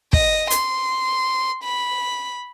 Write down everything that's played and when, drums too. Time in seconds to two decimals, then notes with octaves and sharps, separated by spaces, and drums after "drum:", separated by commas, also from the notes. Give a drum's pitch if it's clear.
0.13 D#5, drum: kick
0.50 C6, drum: hi-hat
1.63 B5